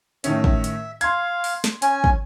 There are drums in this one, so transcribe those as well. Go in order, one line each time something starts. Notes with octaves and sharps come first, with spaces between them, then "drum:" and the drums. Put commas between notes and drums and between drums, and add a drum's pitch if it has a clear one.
A2 D#3 C#4 E5, drum: hi-hat
drum: kick
drum: hi-hat
F5 C6 G#6, drum: hi-hat
drum: open hi-hat
drum: snare
C#4 G#5, drum: hi-hat
drum: kick